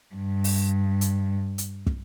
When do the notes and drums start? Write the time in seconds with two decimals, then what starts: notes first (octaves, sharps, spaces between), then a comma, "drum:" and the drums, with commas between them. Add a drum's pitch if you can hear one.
0.15 G2
0.44 drum: open hi-hat
1.01 drum: hi-hat
1.58 drum: hi-hat
1.87 drum: kick